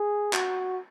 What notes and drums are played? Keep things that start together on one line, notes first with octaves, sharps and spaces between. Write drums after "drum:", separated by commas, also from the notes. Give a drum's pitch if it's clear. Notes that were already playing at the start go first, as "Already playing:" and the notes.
Already playing: G#4
F#4, drum: clap